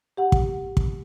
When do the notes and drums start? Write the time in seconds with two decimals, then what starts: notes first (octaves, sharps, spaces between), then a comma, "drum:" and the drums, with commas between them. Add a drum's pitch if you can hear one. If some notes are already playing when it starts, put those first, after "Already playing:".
0.17 G4 F#5
0.32 drum: kick
0.77 drum: kick